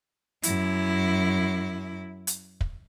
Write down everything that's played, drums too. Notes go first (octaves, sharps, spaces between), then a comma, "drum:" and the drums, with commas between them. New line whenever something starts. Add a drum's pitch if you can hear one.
F#2 E4, drum: hi-hat
drum: hi-hat
drum: kick